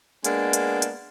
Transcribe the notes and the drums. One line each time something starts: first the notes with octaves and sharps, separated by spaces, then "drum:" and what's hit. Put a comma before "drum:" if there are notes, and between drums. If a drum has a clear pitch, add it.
G#3 A#3 B3 D4, drum: hi-hat
drum: hi-hat
drum: hi-hat